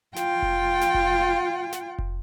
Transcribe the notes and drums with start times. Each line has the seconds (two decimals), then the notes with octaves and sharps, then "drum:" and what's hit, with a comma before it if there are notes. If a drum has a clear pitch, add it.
0.16 F4 G5, drum: snare
0.42 drum: kick F1
0.81 drum: snare
0.94 drum: kick F1
1.72 drum: snare
1.99 drum: kick F1